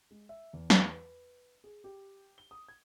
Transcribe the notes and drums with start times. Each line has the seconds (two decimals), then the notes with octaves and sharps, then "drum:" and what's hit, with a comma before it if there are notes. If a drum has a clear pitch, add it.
0.11 G#3
0.29 E5
0.53 E2
0.70 drum: snare
0.92 B4
1.64 G#4
1.84 G4
2.38 G7
2.51 D#6
2.68 G#6